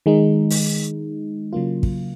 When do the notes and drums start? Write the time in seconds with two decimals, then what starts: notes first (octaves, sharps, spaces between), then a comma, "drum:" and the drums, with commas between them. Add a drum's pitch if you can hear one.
0.06 D#3 G#3 D#4
0.50 drum: open hi-hat
1.53 C#3 F#3 A#3 F4
1.83 drum: kick